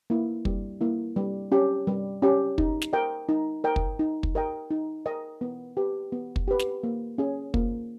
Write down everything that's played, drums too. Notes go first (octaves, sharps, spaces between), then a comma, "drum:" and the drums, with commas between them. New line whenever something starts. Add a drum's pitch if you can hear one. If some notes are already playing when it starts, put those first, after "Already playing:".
A#3 E4
G3, drum: kick
A#3 E4
G3
C#4 G4
G3
C#4 G4
D#4, drum: kick
drum: snare
A#4 D#5 G5
D#4
A#4 D#5 G5
drum: kick
D#4
drum: kick
A#4 D#5 G5
D#4
A#4 D#5 G5
B3
G4 B4
B3
drum: kick
G4 B4
drum: snare
A#3
C#4 G#4
A#3, drum: kick